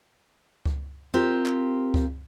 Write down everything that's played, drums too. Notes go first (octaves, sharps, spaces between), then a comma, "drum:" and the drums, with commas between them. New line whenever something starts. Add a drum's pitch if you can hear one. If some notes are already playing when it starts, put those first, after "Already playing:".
drum: kick C#2
C4 F4 G4 A#4
drum: clap
drum: kick C#2